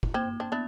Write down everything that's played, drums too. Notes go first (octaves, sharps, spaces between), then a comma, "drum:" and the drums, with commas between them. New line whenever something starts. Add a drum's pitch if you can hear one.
drum: kick
A#3 C4
C4 D4
B3 D4 E4